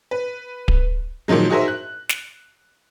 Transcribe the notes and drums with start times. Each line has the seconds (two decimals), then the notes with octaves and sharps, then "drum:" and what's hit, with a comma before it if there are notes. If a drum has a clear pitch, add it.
0.11 B4
0.68 drum: kick D1
1.28 A#2 D#3 F3 F#3 G#3
1.50 D#4 F#4 G#4 A#4 C5 E5
1.68 F#6
2.09 drum: snare